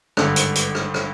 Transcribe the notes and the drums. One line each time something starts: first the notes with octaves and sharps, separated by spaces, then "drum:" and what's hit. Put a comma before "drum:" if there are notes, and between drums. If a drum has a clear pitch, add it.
G#1 G2 D3, drum: rim click
drum: hi-hat
drum: hi-hat
drum: rim click
drum: rim click